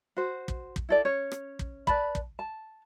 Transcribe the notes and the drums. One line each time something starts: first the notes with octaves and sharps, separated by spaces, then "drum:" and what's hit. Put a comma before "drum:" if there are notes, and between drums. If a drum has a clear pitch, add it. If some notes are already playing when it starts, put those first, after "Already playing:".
F#4 C5
drum: kick
drum: kick
E4 A4 D5
C#4 C#5
drum: rim click
drum: kick
B4 D5 A5 B5, drum: kick
drum: kick
A5